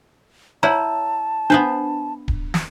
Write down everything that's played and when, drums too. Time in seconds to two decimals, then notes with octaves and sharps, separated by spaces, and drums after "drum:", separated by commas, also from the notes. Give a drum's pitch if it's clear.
0.63 E4 C#5 F#5 A5 A#5
1.50 B3 D4 B4 C5
2.28 drum: kick D1
2.54 drum: snare